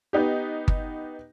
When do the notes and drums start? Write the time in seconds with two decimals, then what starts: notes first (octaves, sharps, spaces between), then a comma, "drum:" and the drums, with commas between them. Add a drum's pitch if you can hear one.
0.13 B3 D#4 G4
0.68 drum: kick G1